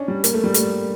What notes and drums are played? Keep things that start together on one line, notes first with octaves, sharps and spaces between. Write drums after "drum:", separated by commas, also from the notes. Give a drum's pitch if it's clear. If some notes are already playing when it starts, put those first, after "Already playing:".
Already playing: C#4 D4
G3
A#3, drum: hi-hat
A3
G3
A3, drum: hi-hat